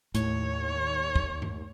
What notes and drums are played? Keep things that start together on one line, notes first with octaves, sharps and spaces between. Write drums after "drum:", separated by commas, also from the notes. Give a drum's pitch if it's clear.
D#2 A2 C#5, drum: hi-hat
drum: kick
drum: tom G2